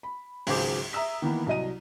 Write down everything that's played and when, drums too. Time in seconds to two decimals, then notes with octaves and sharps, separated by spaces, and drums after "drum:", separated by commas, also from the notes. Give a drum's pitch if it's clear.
0.03 B5
0.47 G#1 C#2 F#3 G#4 C5 D6, drum: open hi-hat
0.93 E5 A#5 D#6 E6 B6
1.22 D#3 E3 A#3 B3
1.46 C2 F#3 D#5 D#7